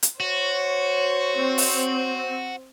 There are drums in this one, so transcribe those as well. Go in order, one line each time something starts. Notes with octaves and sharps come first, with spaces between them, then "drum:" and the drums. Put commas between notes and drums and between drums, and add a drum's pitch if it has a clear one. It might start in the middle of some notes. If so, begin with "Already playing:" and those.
drum: hi-hat
F#4 C5 C#5
C4
drum: open hi-hat